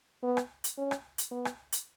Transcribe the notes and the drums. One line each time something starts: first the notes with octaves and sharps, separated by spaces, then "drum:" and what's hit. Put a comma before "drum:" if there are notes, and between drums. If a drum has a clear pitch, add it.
B3
drum: rim click
drum: hi-hat
C#4
drum: rim click
drum: hi-hat
B3
drum: rim click
drum: hi-hat